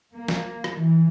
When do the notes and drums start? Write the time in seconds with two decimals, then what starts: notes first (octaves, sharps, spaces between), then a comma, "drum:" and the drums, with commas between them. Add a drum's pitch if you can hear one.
0.15 A#3
0.28 drum: snare
0.64 drum: rim click
0.75 E3